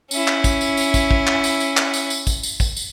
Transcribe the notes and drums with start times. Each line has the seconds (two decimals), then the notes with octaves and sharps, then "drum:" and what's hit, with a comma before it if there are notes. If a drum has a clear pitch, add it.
0.11 C#4 E4, drum: tambourine
0.28 drum: clap
0.44 drum: kick, tambourine
0.61 drum: tambourine
0.77 drum: tambourine
0.94 drum: kick, tambourine
1.11 drum: kick
1.27 drum: clap
1.44 drum: tambourine
1.60 drum: tambourine
1.77 drum: clap
1.94 drum: tambourine
2.10 drum: tambourine
2.27 drum: kick, tambourine
2.43 drum: tambourine
2.60 drum: kick, tambourine
2.77 drum: tambourine